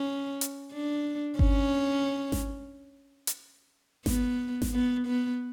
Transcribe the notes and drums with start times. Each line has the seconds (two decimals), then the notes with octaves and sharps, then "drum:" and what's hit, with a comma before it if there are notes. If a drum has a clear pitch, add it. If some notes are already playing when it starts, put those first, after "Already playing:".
Already playing: C#4
0.41 drum: hi-hat
0.73 D4
1.39 C#4, drum: kick G1
2.32 drum: snare G#1
3.27 drum: hi-hat
4.06 B3, drum: snare G#1
4.62 drum: snare G#1
4.73 B3
5.07 B3